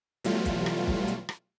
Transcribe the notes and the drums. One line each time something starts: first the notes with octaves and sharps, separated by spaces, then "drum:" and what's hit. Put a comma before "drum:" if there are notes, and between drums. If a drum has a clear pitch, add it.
B2 E3 F#3 G3 A3 F4, drum: hi-hat
drum: kick, hi-hat
drum: rim click
drum: kick
drum: hi-hat
drum: rim click